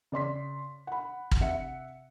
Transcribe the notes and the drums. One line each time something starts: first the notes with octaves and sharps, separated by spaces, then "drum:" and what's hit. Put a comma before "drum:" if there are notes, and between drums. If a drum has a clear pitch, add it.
C#3 D5 C6 B6
F#5 B5
drum: kick
C3 E5 F#5 C#7